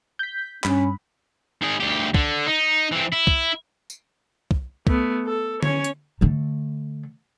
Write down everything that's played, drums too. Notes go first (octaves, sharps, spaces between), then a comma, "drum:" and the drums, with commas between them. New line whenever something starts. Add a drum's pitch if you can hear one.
G6 B6
G2 C#4 B5, drum: clap
D#3 G#4
D2 G4
D3, drum: kick
D#4
E3 C4
E4
drum: kick
drum: tambourine
drum: kick
A3 B3, drum: kick
A4
C#4 C#5, drum: tom D3
drum: hi-hat
D3 A3